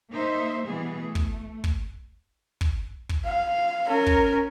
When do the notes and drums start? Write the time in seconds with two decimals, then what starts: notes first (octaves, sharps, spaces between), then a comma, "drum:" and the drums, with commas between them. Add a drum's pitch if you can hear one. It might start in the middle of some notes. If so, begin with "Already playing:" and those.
0.11 A#3 D#4 C5 E5
0.67 B2 E3 G3 B3 G#4
1.03 A3
1.15 drum: kick
1.64 drum: kick
2.61 drum: kick
3.09 drum: kick
3.25 F5
3.87 C#4 A#4
4.06 drum: kick